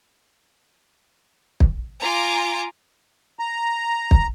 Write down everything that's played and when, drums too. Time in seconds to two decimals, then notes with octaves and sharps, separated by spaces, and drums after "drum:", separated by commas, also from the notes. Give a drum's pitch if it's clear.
1.60 drum: kick
2.02 F4 G#5 A#5 D6
3.39 A#5
4.11 drum: kick